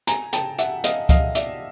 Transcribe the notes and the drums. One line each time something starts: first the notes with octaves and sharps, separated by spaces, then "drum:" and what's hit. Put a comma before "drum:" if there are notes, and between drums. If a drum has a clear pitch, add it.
G#5 A#5, drum: hi-hat
G5 A5, drum: hi-hat
E5 F#5, drum: hi-hat
D#5 F5, drum: hi-hat
D#5 F5, drum: kick C#2, hi-hat
D5 E5, drum: hi-hat